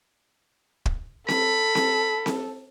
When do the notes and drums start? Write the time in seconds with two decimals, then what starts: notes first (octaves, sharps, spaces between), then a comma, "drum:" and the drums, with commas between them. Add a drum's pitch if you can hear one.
0.86 drum: kick
1.28 A4 B5, drum: snare C4
1.75 drum: snare C4
2.26 drum: snare C4